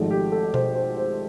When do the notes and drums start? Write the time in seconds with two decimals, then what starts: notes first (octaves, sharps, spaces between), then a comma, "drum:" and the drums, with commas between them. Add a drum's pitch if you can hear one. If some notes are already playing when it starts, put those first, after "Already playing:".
Already playing: G#1 G#2 F3 A3
0.11 G4
0.32 A4
0.54 C5, drum: tom B2
0.75 C5
0.97 C5